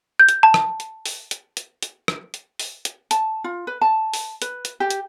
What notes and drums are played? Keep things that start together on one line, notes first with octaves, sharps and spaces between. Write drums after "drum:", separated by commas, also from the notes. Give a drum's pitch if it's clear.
G6
drum: hi-hat
A5
drum: rim click
drum: hi-hat
drum: open hi-hat
drum: hi-hat
drum: hi-hat
drum: hi-hat
drum: rim click
drum: hi-hat
drum: open hi-hat
drum: hi-hat
A5, drum: hi-hat
F4
B4
A5
drum: open hi-hat
B4, drum: hi-hat
drum: hi-hat
G4
drum: hi-hat